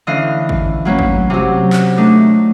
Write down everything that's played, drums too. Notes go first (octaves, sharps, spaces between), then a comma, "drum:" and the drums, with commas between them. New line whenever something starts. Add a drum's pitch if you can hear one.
D3 E3 C#4 D#5 F5
drum: kick G#1
F#3 A#3 C#4 B4
drum: kick G#1
C3 F#3
drum: clap
A3 D4 D#4